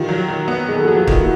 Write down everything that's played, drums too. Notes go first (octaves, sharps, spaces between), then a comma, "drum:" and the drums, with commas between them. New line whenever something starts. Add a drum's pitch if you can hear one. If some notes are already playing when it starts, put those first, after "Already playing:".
Already playing: D#3 F4 G4
F#3
D#3
B3
D#3 G#4
A4
F#3 F#4 G#4
F4 G4
D#3, drum: kick
E4 F#4